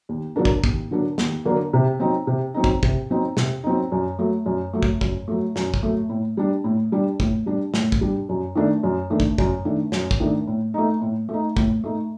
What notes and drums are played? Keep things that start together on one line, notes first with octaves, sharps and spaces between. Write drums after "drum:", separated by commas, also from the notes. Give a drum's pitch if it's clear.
D#2
D3 F#3 A#3 D4
drum: kick
D#2, drum: kick
D3 F#3 A#3 D4
D#2, drum: snare
D3 F#3 A#3 D4
C3
F#3 C4 D#4
C3
F#3 C4 D#4
drum: kick
C3, drum: kick
F#3 C4 D#4
C3, drum: snare
F#3 C4 D#4
F#2
F#3 A3
F#2
F#3 A3
drum: kick
F#2, drum: kick
F#3 A3
F#2, drum: snare
drum: kick
F#3 A3
A2
G3 D4
A2
G3 D4
A2, drum: kick
G3 D4
A2, drum: snare
drum: kick
G3 D4
F#2
D#3 A3 D4
F#2
D#3 A3 D4
drum: kick
F#2, drum: kick
D#3 A3 D4
F#2, drum: snare
drum: kick
D#3 A3 D4
A2
A3 D#4
A2
A3
D#4
A2, drum: kick
A3 D#4